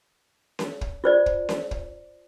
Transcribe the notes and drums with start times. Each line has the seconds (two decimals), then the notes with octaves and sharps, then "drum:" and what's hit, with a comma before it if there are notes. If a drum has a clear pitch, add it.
0.59 drum: snare C#4
0.81 drum: kick
1.04 F4 C5 D5
1.26 drum: kick
1.49 drum: snare C#4
1.71 drum: kick